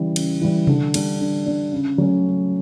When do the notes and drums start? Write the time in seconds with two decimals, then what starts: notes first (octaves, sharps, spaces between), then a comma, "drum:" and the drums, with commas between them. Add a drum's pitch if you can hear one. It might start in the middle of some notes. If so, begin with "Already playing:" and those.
Already playing: C#3 E3 G3
0.16 C#3, drum: cymbal
0.42 E3 G3
0.67 D3, drum: tom C3
0.94 G3 D4, drum: cymbal
1.21 D3
1.46 G3 D4
1.72 C#3
1.98 F#3 A3 C#4
2.25 C#3